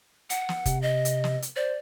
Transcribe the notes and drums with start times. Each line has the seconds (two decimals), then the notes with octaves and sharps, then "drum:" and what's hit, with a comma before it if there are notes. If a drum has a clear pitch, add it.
0.30 F#5, drum: hi-hat
0.49 drum: snare
0.66 C3, drum: kick F1, hi-hat
0.82 D#5
1.05 drum: hi-hat
1.24 drum: snare
1.42 drum: hi-hat
1.56 C5 D5